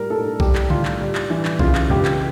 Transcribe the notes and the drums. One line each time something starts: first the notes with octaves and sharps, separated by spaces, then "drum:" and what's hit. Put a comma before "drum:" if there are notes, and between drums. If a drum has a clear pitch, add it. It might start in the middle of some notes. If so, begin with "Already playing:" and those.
Already playing: A2 G3 A#4
A2 A4
G3 G4, drum: kick B1
drum: clap
A2 F4, drum: tom C#3
drum: clap
G3
drum: clap
E3
drum: clap
C#3 F4, drum: kick B1
drum: clap
C#2 G4, drum: tom F2
drum: clap